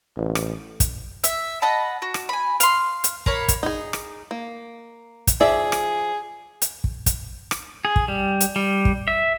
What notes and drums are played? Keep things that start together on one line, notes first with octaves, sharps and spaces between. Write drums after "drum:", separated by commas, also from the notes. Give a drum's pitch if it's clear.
A1
drum: rim click
drum: kick, hi-hat
E5, drum: hi-hat
D#5 F#5 A5 B5
F#4
drum: rim click
G#5 B5
F5 C6, drum: hi-hat
drum: hi-hat
A#3 C#5 B5, drum: kick
drum: kick, hi-hat
D#4 G#4
drum: rim click
A#3
drum: kick, hi-hat
F3 G#4 D5 E5
drum: rim click
drum: hi-hat
drum: kick
drum: kick, hi-hat
drum: rim click
G#4
drum: kick
G3
drum: hi-hat
G3
drum: kick
E5